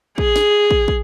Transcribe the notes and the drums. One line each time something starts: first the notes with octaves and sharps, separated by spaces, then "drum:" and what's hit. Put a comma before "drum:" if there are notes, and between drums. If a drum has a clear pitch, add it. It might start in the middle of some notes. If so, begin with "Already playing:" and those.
G#4, drum: kick
drum: snare
drum: kick
drum: kick